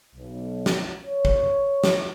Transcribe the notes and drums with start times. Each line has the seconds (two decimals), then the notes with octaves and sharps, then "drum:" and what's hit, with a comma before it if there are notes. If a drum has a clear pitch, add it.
0.14 B1
0.66 drum: snare
1.05 C#5
1.25 drum: kick
1.84 drum: snare